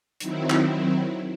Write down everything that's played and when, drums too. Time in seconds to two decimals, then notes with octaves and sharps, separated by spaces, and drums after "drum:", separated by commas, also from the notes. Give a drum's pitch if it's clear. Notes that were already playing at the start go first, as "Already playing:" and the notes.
0.20 D#3 F#3 C4 E4, drum: hi-hat
0.50 drum: clap